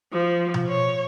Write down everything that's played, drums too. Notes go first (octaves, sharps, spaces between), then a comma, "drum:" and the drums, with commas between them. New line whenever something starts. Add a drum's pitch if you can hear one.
F3
drum: tom B2
C#5